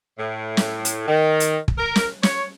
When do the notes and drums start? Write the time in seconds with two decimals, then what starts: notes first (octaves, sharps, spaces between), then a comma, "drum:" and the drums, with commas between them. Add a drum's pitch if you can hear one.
0.19 A2
0.57 drum: snare
0.85 drum: hi-hat
1.08 D#3
1.40 drum: hi-hat
1.68 drum: kick
1.78 A#4
1.96 drum: snare
2.23 C#5, drum: snare